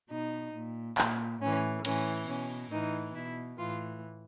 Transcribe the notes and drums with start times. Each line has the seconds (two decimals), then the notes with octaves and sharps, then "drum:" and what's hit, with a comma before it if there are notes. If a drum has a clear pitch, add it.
0.10 B2 D#4
0.54 A#2
0.98 A#2, drum: clap
1.41 A2 E3 C#4
1.85 A2 E3 C#4, drum: cymbal
2.28 B2 C#4
2.71 A2 E3 D#4
3.15 B2 E4
3.59 A2 E3 F4